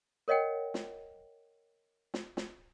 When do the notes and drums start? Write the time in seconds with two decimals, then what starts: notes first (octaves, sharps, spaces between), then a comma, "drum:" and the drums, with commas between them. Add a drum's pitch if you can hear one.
0.28 A#4 C#5 D#5 F#5 G5
0.74 drum: snare
2.14 drum: snare
2.37 drum: snare